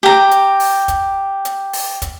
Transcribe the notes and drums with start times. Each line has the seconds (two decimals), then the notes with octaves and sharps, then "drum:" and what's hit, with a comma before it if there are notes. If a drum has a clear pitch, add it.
0.03 G4 A#5
0.31 drum: hi-hat
0.60 drum: open hi-hat
0.88 drum: kick, hi-hat
1.45 drum: hi-hat
1.73 drum: open hi-hat
2.02 drum: kick, hi-hat